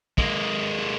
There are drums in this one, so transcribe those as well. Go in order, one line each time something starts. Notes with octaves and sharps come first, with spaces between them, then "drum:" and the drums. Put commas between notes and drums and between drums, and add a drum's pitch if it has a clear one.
G#3 A#3, drum: kick